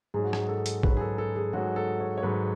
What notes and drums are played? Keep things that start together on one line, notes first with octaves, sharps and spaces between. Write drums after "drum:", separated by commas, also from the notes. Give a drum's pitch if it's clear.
G#2 F#3 G#4
F#4
G#4, drum: rim click
A4
drum: hi-hat
G#2 F#3 B4, drum: kick
G#4
A4
A4
G#4
G#2 F#3 F#4
A4
C#5
C#5
G#2 F#3 B4